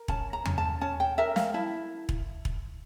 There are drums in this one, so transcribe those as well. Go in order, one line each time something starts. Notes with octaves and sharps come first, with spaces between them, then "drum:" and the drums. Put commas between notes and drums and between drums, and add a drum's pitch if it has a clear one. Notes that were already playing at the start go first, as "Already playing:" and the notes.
Already playing: A#4
C#4 A5, drum: kick E1
A#5
C#4, drum: tom E2
A5
C#4 A5
G5
A#4 E5
F5, drum: snare
E4 A5
drum: kick E1
drum: kick E1